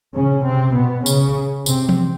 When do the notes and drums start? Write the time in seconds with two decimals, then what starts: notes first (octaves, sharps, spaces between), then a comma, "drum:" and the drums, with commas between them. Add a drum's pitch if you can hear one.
0.15 C#3 C#4
0.45 C3 C4
0.76 B2 B3
1.06 C#3 C#4, drum: tambourine
1.66 C3 C4, drum: tambourine
1.89 drum: tom E3